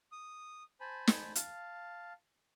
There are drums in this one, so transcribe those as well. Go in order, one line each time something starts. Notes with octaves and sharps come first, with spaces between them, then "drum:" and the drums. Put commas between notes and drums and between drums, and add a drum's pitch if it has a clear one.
D#6
C5 G#5 A5 B5
drum: snare
F5 A5, drum: hi-hat